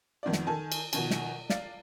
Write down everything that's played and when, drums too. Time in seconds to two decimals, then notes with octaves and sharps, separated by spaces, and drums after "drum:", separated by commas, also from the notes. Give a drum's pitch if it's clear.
0.23 F2 D#3 B3 D5
0.33 drum: snare
0.47 D#3 A4 G#5 A5
0.72 drum: cymbal
0.93 B2 D#3 F3 G#5, drum: cymbal
1.11 drum: snare
1.50 D5 F5 A6, drum: snare